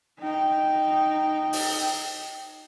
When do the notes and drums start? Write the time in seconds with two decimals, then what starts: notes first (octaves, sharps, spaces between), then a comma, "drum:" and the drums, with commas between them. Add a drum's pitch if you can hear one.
0.20 D#4 G5
1.53 drum: open hi-hat